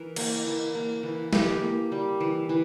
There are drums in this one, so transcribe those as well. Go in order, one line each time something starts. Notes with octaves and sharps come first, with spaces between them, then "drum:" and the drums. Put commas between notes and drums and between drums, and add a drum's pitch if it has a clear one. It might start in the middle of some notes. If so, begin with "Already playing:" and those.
Already playing: E3 A#4
A#3, drum: cymbal
E3
A#3
E3
E3 G4, drum: snare
A#3
G3
E3
E3